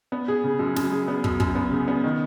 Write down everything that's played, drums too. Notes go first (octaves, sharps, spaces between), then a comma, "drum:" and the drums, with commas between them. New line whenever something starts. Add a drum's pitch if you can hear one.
B3
G#4
C#3
F#2
F#2, drum: snare
G#4
B3
F#2, drum: kick
F#2, drum: kick
B3
C#3
B3
D#3